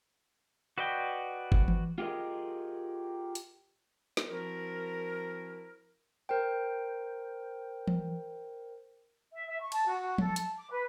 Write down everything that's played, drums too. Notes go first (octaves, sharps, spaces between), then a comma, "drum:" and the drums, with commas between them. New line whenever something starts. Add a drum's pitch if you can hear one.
F#4 B4 D5 D#5 G5
drum: kick G1
drum: tom E3
F4 G4 G#4 A#4 D#5
drum: hi-hat
drum: snare
F3 C4 E4 F#4 A#4
A#4 C5 G5
drum: tom E3
E5
E5
C#6
A5, drum: cymbal
F#4
F#4
A4, drum: tom F3
A5, drum: hi-hat
D6
B4